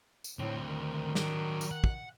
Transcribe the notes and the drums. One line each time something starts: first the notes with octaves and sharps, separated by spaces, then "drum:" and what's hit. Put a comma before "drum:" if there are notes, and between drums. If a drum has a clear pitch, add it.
drum: tambourine
D2 A2 C4
D#3
F#3 D4, drum: snare
drum: tambourine
F#5
drum: kick